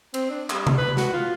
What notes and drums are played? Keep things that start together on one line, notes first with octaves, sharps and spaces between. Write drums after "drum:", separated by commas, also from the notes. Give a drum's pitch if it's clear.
C4, drum: cymbal
D4
G3, drum: clap
drum: tom C3
B4
F#4, drum: snare
F4